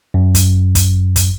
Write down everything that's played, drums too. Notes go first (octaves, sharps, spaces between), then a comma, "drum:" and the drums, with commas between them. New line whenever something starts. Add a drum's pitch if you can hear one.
F#2
drum: kick, hi-hat
drum: kick, hi-hat
drum: kick, hi-hat